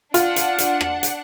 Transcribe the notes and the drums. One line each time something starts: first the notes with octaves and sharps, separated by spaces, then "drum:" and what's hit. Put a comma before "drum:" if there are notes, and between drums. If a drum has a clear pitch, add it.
D4 F4 F#5, drum: hi-hat
drum: hi-hat
drum: hi-hat
drum: rim click
drum: hi-hat